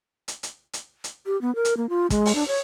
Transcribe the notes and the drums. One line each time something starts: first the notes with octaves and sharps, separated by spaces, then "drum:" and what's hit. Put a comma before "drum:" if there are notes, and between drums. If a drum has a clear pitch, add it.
drum: hi-hat
drum: hi-hat
drum: hi-hat
drum: hi-hat
G4
B3
A#4
drum: hi-hat
A#3
F4
G#3, drum: kick, hi-hat
drum: open hi-hat
D4
C#5